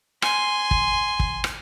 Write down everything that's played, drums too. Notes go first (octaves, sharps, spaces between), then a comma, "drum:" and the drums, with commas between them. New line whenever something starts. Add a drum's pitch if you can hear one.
G#5 C6, drum: rim click
drum: kick
drum: kick
drum: rim click